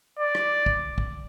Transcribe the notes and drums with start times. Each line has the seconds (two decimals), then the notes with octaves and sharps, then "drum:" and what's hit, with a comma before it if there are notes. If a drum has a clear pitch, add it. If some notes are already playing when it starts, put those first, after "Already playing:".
0.19 D5
0.35 drum: rim click
0.66 drum: kick
0.98 drum: kick